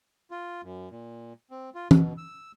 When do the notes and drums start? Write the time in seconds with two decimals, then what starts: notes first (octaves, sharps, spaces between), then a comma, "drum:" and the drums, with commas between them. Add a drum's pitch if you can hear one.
0.31 F4
0.63 F#2
0.91 A#2
1.51 C4
1.75 F4
1.91 B2, drum: tom E3
2.18 E6